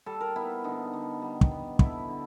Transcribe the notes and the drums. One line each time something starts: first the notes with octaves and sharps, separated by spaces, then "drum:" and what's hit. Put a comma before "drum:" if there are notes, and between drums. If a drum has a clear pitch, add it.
G3 A4
A#4
B3 E4
D3 D#4
D3
G3
drum: kick
B3
D3 E4, drum: kick
D3